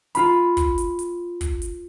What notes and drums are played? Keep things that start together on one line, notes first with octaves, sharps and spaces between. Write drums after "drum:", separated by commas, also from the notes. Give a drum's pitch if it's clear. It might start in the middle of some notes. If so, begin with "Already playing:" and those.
F4 B5, drum: hi-hat
drum: kick, hi-hat
drum: hi-hat
drum: hi-hat
drum: kick, hi-hat
drum: hi-hat